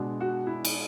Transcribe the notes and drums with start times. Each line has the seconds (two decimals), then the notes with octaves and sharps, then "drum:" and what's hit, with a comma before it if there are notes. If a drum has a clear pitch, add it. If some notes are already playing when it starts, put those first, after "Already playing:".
Already playing: B2 G#3 D4
0.20 F#4
0.47 E4
0.65 drum: cymbal